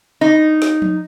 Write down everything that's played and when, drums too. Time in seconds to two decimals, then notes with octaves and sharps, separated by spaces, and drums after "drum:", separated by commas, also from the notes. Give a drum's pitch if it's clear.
0.21 D#4
0.62 drum: snare
0.82 drum: tom F3